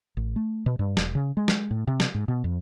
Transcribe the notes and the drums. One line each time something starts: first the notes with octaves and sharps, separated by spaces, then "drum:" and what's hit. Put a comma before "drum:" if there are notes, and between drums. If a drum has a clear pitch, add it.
A1
A3
B2
G2
E1, drum: snare
C#3
G#3
drum: snare
A2
C3
drum: snare
G#2
B2
F2